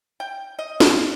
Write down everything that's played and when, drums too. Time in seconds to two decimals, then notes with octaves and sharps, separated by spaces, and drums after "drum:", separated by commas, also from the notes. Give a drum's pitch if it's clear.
0.20 G5
0.59 D#5
0.80 drum: snare